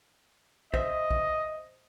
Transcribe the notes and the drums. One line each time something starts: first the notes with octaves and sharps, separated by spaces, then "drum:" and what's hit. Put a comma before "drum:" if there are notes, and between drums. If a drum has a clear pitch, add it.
C5 D#5 E5, drum: kick
drum: kick